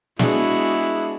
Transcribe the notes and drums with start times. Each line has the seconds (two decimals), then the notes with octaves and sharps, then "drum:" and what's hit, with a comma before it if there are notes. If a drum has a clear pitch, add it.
0.19 G#3 B3 D4 E4 F#4 G#4, drum: snare